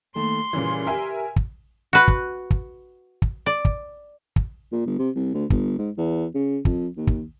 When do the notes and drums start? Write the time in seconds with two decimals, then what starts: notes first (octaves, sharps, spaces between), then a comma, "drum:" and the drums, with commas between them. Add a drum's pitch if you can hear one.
0.15 D#3 A3 A#3 C6
0.53 A#2 C#3 E3 G3 C#4
0.87 G4 A#4 B4 E5 G#5
1.36 drum: kick
1.93 F#4 B4
2.08 drum: kick
2.51 drum: kick
3.22 drum: kick
3.46 D5
3.65 drum: kick
4.36 drum: kick
4.72 A#2
4.86 G1
4.98 C3
5.15 C2
5.34 D2
5.50 G1, drum: kick
5.78 G#2
5.97 E2
6.35 C#3
6.65 F2, drum: kick
6.97 D#2
7.07 drum: kick